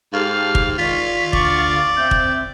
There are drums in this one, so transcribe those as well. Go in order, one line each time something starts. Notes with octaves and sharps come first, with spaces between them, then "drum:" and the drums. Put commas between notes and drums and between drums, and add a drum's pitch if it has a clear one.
G#2 G4 A4 F5
drum: kick
D#3 F4 D5 C#6 B6
D2 D3 D5 C#6, drum: kick
C4 E5 G6
drum: kick